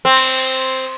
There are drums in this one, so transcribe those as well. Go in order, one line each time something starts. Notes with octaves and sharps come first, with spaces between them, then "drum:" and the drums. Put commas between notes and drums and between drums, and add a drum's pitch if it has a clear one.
C4
drum: cymbal